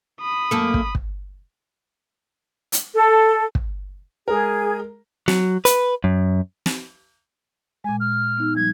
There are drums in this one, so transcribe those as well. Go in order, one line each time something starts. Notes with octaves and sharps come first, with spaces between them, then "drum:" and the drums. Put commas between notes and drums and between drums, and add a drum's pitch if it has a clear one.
B5 D#6
F#2 A#3 A4
drum: kick
drum: kick
drum: hi-hat
A4
drum: kick
G#3 G#4 A#4
F#3, drum: snare
B4, drum: hi-hat
F#2
drum: snare
A#2 G#3 G#5
F6
B3 D#4 E6
F3 G3 G#6